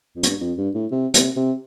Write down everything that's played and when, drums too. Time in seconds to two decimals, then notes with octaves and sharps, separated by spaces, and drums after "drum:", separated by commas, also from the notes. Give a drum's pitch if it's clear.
0.16 F2
0.23 G2, drum: hi-hat
0.41 F2
0.58 G2
0.74 A2
0.91 C3
1.14 C3, drum: hi-hat
1.36 C3